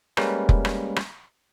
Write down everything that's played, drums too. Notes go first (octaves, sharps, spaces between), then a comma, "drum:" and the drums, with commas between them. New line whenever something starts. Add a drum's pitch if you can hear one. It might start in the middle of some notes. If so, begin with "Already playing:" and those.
G3 G#3 A#3 C#4 A#4 B4, drum: rim click
drum: kick F1
drum: rim click
drum: rim click